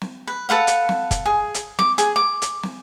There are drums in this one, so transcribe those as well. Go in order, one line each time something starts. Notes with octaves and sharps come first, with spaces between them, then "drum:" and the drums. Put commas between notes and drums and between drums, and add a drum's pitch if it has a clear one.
drum: snare
B4
A4 B4 F5 F#5
drum: hi-hat
drum: snare
drum: kick, hi-hat
G#4
drum: hi-hat
D6, drum: snare
G#4, drum: hi-hat
D6
drum: hi-hat
drum: snare